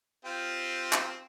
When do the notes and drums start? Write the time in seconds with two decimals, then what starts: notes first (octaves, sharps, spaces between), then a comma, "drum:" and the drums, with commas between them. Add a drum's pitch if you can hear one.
0.25 C4 F4 G4
0.93 drum: clap